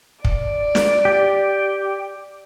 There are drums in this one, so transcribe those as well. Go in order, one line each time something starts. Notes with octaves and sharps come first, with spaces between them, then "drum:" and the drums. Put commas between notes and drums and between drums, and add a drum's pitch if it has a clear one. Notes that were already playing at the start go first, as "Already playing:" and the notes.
D5, drum: kick
drum: snare
G4